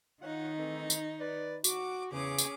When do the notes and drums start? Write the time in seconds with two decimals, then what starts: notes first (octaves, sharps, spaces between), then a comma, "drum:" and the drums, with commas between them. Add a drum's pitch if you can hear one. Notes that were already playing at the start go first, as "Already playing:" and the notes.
0.21 D#3 D#4 F4 C#5 F#5
0.58 E3 A3 C4
0.90 drum: tambourine
1.20 B4 D5
1.64 F#4 D6, drum: tambourine
2.12 E2 C#3 C#4 G#4 D6
2.38 drum: tambourine